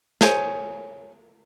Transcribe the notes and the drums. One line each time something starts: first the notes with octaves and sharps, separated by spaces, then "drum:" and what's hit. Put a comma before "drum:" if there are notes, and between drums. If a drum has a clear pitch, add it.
G#4 C5 C#5 G#5, drum: snare